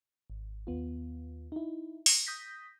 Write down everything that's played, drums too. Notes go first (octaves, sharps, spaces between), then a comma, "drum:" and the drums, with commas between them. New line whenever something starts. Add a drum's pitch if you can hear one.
G#1
D#2 B3 F4
D#4 E4
drum: open hi-hat
D#6 G6 A#6 B6